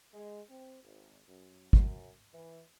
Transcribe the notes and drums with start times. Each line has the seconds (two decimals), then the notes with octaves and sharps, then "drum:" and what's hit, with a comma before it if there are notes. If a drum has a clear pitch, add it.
0.14 G#3
0.49 C4
0.83 G#1
1.28 F#2
1.73 F#2, drum: kick
2.34 E3